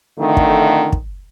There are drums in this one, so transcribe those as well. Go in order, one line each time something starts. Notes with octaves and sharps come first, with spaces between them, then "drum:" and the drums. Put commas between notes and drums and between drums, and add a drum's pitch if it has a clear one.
F2 A2 D3 D#3 A3
drum: kick
drum: kick